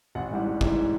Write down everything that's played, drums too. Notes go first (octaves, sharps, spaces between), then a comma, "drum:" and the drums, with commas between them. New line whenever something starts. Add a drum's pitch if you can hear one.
A1 F#5
G#2 E3 G3 F#5
A1
G#2 E3 G3, drum: kick G1